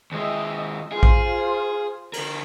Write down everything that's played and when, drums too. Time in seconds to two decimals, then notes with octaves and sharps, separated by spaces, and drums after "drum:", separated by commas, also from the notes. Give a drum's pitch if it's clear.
0.12 D#2 G#3 D#5 E5 G5
0.92 F4 G#4 C5
1.03 drum: kick A#1
2.13 D3 A#4, drum: cymbal